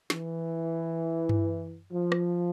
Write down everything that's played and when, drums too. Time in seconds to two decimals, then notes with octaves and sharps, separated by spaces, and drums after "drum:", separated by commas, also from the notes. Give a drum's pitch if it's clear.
0.10 E3, drum: snare
1.29 drum: tom G2
1.91 F3
2.12 drum: rim click